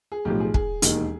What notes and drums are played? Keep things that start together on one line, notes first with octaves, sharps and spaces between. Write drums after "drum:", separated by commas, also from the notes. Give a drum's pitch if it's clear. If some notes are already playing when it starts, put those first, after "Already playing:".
G#4
B1 A2 F3 G4
G#4
G#4, drum: kick
E1 D#2 D#3, drum: hi-hat